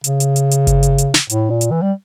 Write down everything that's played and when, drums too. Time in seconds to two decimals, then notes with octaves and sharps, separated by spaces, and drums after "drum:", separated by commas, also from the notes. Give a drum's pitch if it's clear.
0.04 C#3, drum: hi-hat
0.20 drum: hi-hat
0.36 drum: hi-hat
0.51 drum: hi-hat
0.67 drum: kick G1, hi-hat
0.83 drum: hi-hat
0.98 drum: hi-hat
1.14 drum: snare
1.30 A2, drum: hi-hat
1.50 A#2
1.61 drum: hi-hat
1.71 E3
1.82 G3